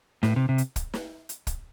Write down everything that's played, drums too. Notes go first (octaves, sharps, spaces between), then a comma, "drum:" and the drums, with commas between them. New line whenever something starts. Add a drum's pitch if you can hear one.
A2, drum: snare
C3
C3
drum: hi-hat
drum: kick, hi-hat
drum: snare
drum: hi-hat
drum: kick, hi-hat